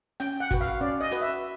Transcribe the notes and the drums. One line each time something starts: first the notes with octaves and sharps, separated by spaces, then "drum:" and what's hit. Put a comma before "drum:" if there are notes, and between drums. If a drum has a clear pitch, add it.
C#4 G5, drum: hi-hat
F#5
F#4 B4, drum: kick, hi-hat
F5
C#4 D5
D#5
F#4 B4, drum: hi-hat
E5